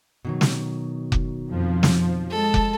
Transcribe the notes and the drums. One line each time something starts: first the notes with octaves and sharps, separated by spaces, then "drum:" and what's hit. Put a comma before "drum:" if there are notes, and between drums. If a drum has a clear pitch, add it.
B2 D#3 F#3
drum: snare
drum: kick F1
F2 F3
drum: snare
G#3 A4 A5
drum: kick F1